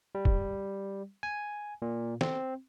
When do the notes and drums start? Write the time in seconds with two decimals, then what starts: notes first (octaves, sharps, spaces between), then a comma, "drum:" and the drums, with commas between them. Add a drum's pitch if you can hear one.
0.15 G3
0.25 drum: kick
1.23 G#5
1.82 A#2
2.21 C4, drum: snare